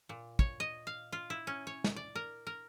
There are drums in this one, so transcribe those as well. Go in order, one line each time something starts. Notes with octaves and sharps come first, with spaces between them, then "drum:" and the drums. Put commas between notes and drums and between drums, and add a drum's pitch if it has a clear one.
A#2
C#5, drum: kick
D#5
F5
F4
E4
C#4
C#5
drum: snare
D5
A#4
A#4